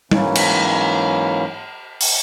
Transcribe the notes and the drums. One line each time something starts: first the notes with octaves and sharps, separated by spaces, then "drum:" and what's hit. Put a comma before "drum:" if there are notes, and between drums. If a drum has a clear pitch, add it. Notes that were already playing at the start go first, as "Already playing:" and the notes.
G#2 E3 F#3 A#3 C#4, drum: tom G3
drum: cymbal
drum: open hi-hat